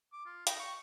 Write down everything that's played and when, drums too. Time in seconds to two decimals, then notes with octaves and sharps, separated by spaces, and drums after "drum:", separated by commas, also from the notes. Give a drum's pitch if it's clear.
0.13 D6
0.26 F4
0.47 D#4, drum: hi-hat
0.60 C#6